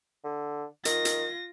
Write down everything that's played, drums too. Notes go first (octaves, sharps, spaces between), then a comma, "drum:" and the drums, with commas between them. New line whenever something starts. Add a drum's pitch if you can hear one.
D3
D#3 F4 A#6, drum: hi-hat
drum: hi-hat